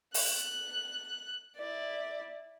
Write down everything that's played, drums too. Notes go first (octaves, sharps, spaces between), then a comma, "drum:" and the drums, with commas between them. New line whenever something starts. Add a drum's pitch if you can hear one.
F#6, drum: open hi-hat
E4 D5